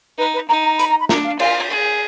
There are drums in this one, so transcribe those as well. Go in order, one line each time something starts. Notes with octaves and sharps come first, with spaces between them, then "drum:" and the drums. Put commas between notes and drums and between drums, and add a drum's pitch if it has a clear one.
D#4 B4
B4
D#4 A#5
A#5
B5, drum: hi-hat
A#5
B5
D4 A#5, drum: snare
F5
F4, drum: cymbal
G#4